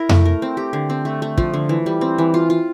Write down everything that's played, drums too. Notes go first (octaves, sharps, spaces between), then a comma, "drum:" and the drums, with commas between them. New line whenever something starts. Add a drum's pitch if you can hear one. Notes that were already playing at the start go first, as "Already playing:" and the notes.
Already playing: E4 A#4
A3, drum: tom F2
A#4
C4
G4
D3
C4
A3
A3
F3, drum: kick
D3
E3
G3
C4
E3
F4
F4